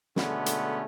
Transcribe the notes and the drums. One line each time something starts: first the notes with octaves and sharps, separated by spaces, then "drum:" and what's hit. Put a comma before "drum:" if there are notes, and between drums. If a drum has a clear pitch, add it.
B2 D3 G#3 A3 B3 C#4, drum: snare
drum: hi-hat